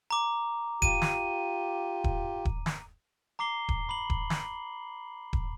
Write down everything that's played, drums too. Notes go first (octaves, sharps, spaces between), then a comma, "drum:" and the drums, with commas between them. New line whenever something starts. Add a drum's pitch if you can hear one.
A#5 D6
F4 G4 D#7, drum: kick D#1
drum: snare
drum: kick D#1
drum: kick D#1
drum: snare
A#5 D6 C7 G7
drum: kick D#1
B5 F#7
drum: kick D#1
drum: snare
drum: kick D#1